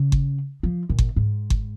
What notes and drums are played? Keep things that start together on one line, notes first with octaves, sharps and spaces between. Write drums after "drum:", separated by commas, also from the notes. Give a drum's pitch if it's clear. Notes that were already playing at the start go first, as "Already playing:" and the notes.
Already playing: C#3
drum: kick G1
F3
A#2
drum: kick G1
G#2
drum: kick G1